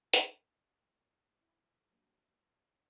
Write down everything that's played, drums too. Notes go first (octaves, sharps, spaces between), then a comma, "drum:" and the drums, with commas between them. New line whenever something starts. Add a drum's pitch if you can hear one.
drum: hi-hat
A#4
E4
F#3 G3 A#3 D4